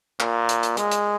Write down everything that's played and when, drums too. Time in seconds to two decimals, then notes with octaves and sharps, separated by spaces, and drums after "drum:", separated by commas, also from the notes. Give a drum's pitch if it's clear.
0.20 A#2, drum: clap
0.49 drum: hi-hat
0.63 drum: hi-hat
0.77 G#3, drum: hi-hat
0.92 drum: hi-hat